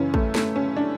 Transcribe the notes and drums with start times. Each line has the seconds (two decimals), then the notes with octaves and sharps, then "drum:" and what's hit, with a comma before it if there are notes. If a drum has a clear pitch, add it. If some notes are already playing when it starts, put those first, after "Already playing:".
Already playing: F#2 C#3 E3 C#4
0.14 A3, drum: kick
0.35 A3, drum: snare
0.56 C#4
0.76 D4